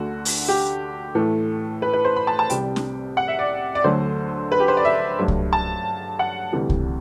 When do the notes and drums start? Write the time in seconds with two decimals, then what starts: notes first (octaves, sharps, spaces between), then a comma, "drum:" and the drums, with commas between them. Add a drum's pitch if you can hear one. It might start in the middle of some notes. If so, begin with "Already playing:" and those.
Already playing: D2 D3 A3 F#4
0.25 drum: open hi-hat
0.48 G4
1.15 A2 E3 A3
1.82 B4
1.93 B4
2.05 C5
2.16 B5
2.27 A5
2.39 A5
2.50 C2 C3 G3 G5, drum: hi-hat
2.76 drum: snare
3.17 F#5
3.28 E5
3.39 D5
3.75 D5
3.84 D2 D3 F#3 A3 C5
4.52 B4
4.60 G4
4.68 C5
4.77 D5
4.85 E5
5.19 G2 F#3 A3
5.28 drum: kick C2
5.53 A5
6.19 F#5
6.52 D2 C3 E3 G3
6.70 drum: kick C2